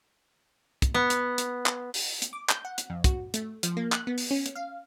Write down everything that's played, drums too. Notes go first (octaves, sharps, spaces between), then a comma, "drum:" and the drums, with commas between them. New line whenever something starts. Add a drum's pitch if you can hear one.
drum: kick, hi-hat
B3
drum: hi-hat
drum: hi-hat
drum: clap
drum: open hi-hat
drum: hi-hat
D6
G6, drum: clap
F#5
drum: hi-hat
F2
F#4, drum: kick, hi-hat
A3, drum: hi-hat
F3, drum: hi-hat
A#3
F#6, drum: clap
B3
drum: open hi-hat
C#4
drum: hi-hat
F5